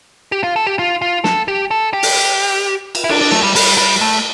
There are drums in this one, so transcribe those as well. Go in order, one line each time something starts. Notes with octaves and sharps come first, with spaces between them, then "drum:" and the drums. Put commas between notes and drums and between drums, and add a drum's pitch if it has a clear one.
G4
F4
A4
G4
F4
F4
A4, drum: snare
G4
A4
G4
drum: open hi-hat
drum: cymbal
E4
D4, drum: cymbal
D4
A3, drum: snare
G3
G3, drum: open hi-hat
G3
A3